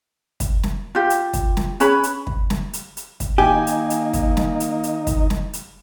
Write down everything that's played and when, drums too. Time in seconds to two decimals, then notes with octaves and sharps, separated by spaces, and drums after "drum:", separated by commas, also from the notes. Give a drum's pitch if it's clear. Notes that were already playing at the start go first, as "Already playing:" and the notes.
0.40 drum: kick, hi-hat
0.63 drum: snare
0.95 F4 G4
1.10 drum: hi-hat
1.33 drum: kick, hi-hat
1.57 drum: snare
1.80 C#4 G#4 B4 B5, drum: hi-hat
2.03 drum: hi-hat
2.27 drum: kick
2.50 drum: snare
2.73 drum: hi-hat
2.97 drum: hi-hat
3.20 drum: kick, hi-hat
3.38 D#3 A#3 D#4 G4 G#5
3.67 drum: hi-hat
3.90 drum: hi-hat
4.13 drum: kick, hi-hat
4.37 drum: snare
4.60 drum: hi-hat
4.83 drum: hi-hat
5.07 drum: kick, hi-hat
5.30 drum: snare
5.53 drum: hi-hat